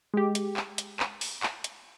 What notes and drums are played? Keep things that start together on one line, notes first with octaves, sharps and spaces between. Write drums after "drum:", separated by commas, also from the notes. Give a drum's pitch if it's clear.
G#3 G4
drum: hi-hat
drum: clap
drum: hi-hat
drum: clap
drum: open hi-hat
drum: clap
drum: hi-hat